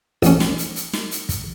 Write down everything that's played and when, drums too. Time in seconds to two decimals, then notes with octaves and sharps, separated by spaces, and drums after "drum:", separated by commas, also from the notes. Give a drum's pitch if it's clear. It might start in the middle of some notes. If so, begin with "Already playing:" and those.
0.23 A1 C#4, drum: kick, hi-hat
0.40 drum: snare
0.58 drum: hi-hat
0.76 drum: hi-hat
0.93 drum: snare
1.11 drum: hi-hat
1.29 drum: kick, hi-hat